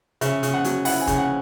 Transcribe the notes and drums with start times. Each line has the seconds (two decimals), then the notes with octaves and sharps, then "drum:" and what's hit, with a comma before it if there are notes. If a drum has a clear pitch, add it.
0.21 C#3 E5, drum: hi-hat
0.43 C#3, drum: hi-hat
0.54 F#5
0.64 F#3, drum: hi-hat
0.85 E4 F#5, drum: open hi-hat
1.01 G#5
1.07 C#3, drum: kick, hi-hat
1.18 F#5